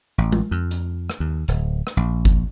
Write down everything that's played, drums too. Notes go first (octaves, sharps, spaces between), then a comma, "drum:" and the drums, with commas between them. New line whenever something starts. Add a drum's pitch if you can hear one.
A1
drum: tom G#3
F2
drum: hi-hat
drum: rim click
D#2
D1, drum: hi-hat
drum: rim click
A#1
drum: kick G1, hi-hat